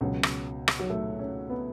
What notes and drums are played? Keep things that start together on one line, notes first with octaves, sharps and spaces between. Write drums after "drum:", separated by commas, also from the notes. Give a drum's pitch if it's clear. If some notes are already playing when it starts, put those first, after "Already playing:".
C#2 B2 F#3
drum: rim click
drum: rim click
F#3
A3
C#4
B3